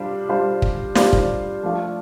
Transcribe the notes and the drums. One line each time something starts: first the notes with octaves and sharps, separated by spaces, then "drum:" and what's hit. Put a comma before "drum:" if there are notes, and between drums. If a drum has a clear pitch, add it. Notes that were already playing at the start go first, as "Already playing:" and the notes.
Already playing: G3 D4 F4 C5
G3 D4 F4 C5
drum: kick
G3 D4 F4 C5, drum: snare
drum: kick
F3 A3 D4 F4 A4